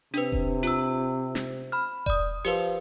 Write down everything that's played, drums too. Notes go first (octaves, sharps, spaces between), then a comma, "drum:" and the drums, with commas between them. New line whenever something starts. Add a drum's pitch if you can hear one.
C3 D4 B4, drum: hi-hat
drum: kick E1
F4 E6, drum: hi-hat
drum: snare
B5 F6
D5 D#6, drum: kick E1
F3 G4 A#4 B4, drum: open hi-hat